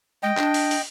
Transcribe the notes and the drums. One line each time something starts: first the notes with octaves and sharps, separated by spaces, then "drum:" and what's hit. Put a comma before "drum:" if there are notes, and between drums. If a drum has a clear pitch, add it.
G#3 D#5 G5
D4, drum: clap
drum: open hi-hat
drum: open hi-hat